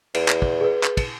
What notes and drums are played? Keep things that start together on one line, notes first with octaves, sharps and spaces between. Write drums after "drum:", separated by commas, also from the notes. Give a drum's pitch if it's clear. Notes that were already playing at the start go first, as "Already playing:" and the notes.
E2, drum: cymbal
drum: clap
drum: kick
G#4 B4
drum: clap
drum: kick, cymbal